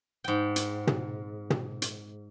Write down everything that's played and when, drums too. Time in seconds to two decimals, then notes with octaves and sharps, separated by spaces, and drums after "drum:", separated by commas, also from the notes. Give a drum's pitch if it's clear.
0.24 G#2 G5
0.56 drum: hi-hat
0.87 drum: tom
1.50 drum: tom
1.82 drum: hi-hat